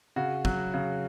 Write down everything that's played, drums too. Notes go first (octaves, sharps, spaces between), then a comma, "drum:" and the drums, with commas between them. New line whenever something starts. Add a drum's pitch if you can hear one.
C#3 F#4
F#3, drum: kick
C#3